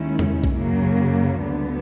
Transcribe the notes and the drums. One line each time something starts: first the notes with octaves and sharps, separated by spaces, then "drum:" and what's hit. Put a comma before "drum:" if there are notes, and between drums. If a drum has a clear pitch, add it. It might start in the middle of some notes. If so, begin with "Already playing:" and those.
Already playing: D#2 D#3 G#3 C#4 E4
drum: tom E2
drum: kick B1
F#2 C#3 F#3 A#3
D2 D3 G3 B3